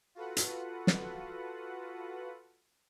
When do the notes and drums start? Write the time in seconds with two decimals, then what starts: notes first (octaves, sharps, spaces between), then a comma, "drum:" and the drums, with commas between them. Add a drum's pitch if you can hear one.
0.15 F4 F#4 A4 B4 F#5
0.37 drum: hi-hat
0.87 drum: snare